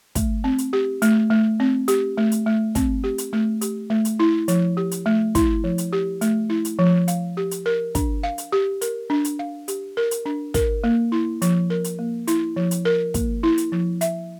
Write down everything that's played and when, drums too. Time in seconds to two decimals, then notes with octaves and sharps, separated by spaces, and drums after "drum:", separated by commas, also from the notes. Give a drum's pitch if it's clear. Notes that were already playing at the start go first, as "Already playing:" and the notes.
0.15 A3, drum: kick, hi-hat
0.44 C4
0.58 drum: hi-hat
0.73 G4
1.02 A3, drum: hi-hat
1.30 A3
1.60 C4
1.88 G4, drum: hi-hat
2.17 A3
2.32 drum: hi-hat
2.46 A3
2.75 C4, drum: kick, hi-hat
3.04 G4
3.18 drum: hi-hat
3.33 A3
3.61 G4, drum: hi-hat
3.90 A3
4.05 drum: hi-hat
4.20 E4
4.48 F3, drum: hi-hat
4.77 G4
4.91 drum: hi-hat
5.06 A3
5.35 E4, drum: kick, hi-hat
5.64 F3
5.78 drum: hi-hat
5.93 G4
6.21 A3, drum: hi-hat
6.50 E4
6.65 drum: hi-hat
6.79 F3
7.08 F5, drum: hi-hat
7.37 G4
7.51 drum: hi-hat
7.66 A#4
7.95 D4, drum: kick, hi-hat
8.23 F5
8.38 drum: hi-hat
8.52 G4
8.81 A#4, drum: hi-hat
9.10 D4
9.25 drum: hi-hat
9.39 F5
9.68 G4, drum: hi-hat
9.97 A#4
10.11 drum: hi-hat
10.26 D4
10.54 A#4, drum: kick, hi-hat
10.84 A#3
11.12 E4
11.42 F3, drum: hi-hat
11.70 A#4
11.84 drum: hi-hat
11.99 A#3
12.28 E4, drum: hi-hat
12.56 F3
12.71 drum: hi-hat
12.85 A#4
13.14 A#3, drum: kick, hi-hat
13.43 E4
13.58 drum: hi-hat
13.72 F3
14.01 E5, drum: hi-hat